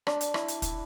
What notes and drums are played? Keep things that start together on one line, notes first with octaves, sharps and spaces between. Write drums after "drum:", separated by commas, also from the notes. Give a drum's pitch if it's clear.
D4, drum: rim click
drum: hi-hat
E4, drum: rim click
drum: hi-hat
drum: kick, hi-hat